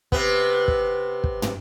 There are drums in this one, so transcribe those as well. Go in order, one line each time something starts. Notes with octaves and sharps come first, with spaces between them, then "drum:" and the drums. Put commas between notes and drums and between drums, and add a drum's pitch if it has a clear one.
C3 B3, drum: kick
drum: kick
drum: kick
drum: tom